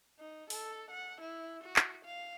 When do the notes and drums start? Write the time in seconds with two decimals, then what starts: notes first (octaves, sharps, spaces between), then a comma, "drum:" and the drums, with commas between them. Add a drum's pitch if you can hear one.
0.20 D#4
0.50 A4, drum: open hi-hat
0.91 F#5
1.21 E4
1.64 F#4
1.76 drum: clap
2.05 F5